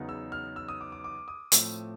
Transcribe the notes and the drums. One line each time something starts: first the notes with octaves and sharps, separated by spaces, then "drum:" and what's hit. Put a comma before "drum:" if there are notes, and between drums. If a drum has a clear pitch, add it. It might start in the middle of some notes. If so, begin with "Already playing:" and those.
Already playing: E2 C#3 F#3 B3 D#4
E6
F6
E6
D#6
D6
D6
D6
D#6
A2 F3 A3 C4 E6, drum: hi-hat